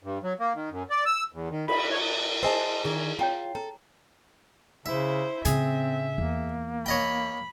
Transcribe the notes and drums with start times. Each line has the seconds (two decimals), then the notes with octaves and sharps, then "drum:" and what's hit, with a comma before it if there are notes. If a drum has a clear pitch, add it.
0.03 G2
0.23 F#3
0.40 A#3
0.55 D#3
0.70 F#2
0.90 D5
1.06 E6
1.33 E2
1.50 D#3
1.68 B5, drum: cymbal
1.91 C#5
2.43 G#4 C5 D#5 G#5 A5 E6
2.84 D3 D#3 G#4 G#5
3.19 F4 C#5 G5 A#5
3.55 A4 A#5
4.86 C#3 E4 C5 E5
5.45 A2 C#3 C4 G#4 E5, drum: hi-hat
6.18 E2 A#3
6.86 C#5 D#5 G5 B5